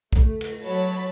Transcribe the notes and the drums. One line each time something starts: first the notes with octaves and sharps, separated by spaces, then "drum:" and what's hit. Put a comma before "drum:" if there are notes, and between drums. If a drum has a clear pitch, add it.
A3, drum: kick
drum: cymbal
F#3 C#5 A5 B5